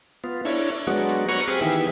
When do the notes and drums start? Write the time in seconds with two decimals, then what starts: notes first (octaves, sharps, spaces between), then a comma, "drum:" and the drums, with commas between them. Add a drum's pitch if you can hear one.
0.24 B3 F4
0.45 D4 E4 C#5, drum: open hi-hat
0.66 drum: hi-hat
0.87 F#3 G#3 B3 D4 F#4, drum: hi-hat
1.09 drum: hi-hat
1.29 F#4 B4 C#5 F#5 A#5 C#6, drum: open hi-hat
1.48 C4 G4 G#4 F5 G#5 B5
1.61 D#3 E3 B3 G4 G#4 E5
1.72 drum: hi-hat